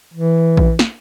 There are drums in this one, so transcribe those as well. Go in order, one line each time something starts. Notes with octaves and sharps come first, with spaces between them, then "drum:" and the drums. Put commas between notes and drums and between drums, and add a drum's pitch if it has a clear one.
E3
drum: kick A#1
drum: snare